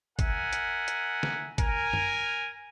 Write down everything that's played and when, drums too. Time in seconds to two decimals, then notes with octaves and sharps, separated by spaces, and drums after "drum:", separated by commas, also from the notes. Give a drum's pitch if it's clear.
0.19 A#4 E5 F#5 G#5, drum: kick, hi-hat
0.53 drum: hi-hat
0.88 drum: hi-hat
1.23 drum: snare
1.58 A#4 G#5, drum: kick, hi-hat
1.93 drum: tom F#2